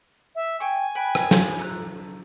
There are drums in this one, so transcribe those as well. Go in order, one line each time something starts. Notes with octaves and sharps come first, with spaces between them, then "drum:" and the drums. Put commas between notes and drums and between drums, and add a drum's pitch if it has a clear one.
E5
G5 G#5 C#6
B4 G5 B5
drum: rim click
drum: snare
A4 A#5 F#6